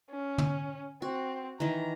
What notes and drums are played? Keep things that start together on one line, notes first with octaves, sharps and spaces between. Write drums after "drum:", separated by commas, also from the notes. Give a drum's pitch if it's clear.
C#4
drum: tom
C4 F#4
D#3 E3 A#5